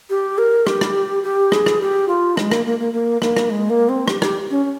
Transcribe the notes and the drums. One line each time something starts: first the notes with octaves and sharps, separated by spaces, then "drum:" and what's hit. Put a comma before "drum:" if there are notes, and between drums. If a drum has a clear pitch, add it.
G4
A#4
G4, drum: rim click
drum: rim click
G4
G#4, drum: rim click
drum: rim click
G4
F4
G#3, drum: rim click
A#3, drum: rim click
A#3
A#3
A#3
A#3, drum: rim click
drum: rim click
G#3
A#3
C4
G4, drum: rim click
G4, drum: rim click
C#4
C#4